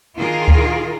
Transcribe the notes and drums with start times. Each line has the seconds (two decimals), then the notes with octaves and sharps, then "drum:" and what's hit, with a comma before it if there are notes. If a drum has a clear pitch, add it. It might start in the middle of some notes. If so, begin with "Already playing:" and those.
0.18 D#3 D4 F4 G#4 A#4
0.48 drum: kick D2